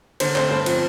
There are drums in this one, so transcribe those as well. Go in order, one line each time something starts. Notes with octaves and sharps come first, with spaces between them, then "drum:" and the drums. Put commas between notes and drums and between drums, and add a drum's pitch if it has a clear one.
D3 C5, drum: cymbal
A3 C4 C5, drum: clap
G2 C5
F3 C4, drum: cymbal